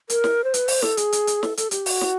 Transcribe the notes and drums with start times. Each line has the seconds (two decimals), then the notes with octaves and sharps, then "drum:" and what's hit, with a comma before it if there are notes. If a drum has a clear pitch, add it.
0.10 A#4, drum: hi-hat
0.24 drum: snare
0.44 C5
0.54 B4, drum: hi-hat
0.68 C5, drum: open hi-hat
0.82 A4, drum: snare
0.97 G#4, drum: hi-hat
1.12 drum: hi-hat
1.27 drum: hi-hat
1.43 A4, drum: snare
1.57 A4, drum: hi-hat
1.71 G4, drum: hi-hat
1.86 F#4, drum: open hi-hat
2.01 drum: snare